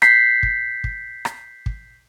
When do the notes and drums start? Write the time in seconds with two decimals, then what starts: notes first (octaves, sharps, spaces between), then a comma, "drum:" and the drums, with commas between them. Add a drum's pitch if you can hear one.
0.02 G6 B6 C7, drum: rim click
0.43 drum: kick
0.84 drum: kick
1.25 drum: rim click
1.66 drum: kick